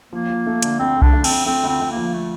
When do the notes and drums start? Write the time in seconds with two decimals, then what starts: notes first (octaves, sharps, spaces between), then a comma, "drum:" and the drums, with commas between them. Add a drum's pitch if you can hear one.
0.12 F3 A#3
0.30 F3
0.47 A3
0.62 D3, drum: hi-hat
0.80 D2 C4
0.96 D3
1.02 D4, drum: kick C2
1.13 A3
1.24 C4, drum: cymbal
1.30 D2
1.46 A3 C4
1.63 D2
1.69 C4
1.80 D2
1.91 A#3
1.96 F3
2.13 A3